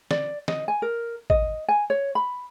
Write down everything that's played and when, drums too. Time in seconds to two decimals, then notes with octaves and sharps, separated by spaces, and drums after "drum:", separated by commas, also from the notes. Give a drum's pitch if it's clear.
0.11 D5, drum: snare
0.48 D#5, drum: snare
0.68 G#5
0.82 A#4
1.30 D#5, drum: kick
1.69 G#5
1.90 C#5
2.15 B5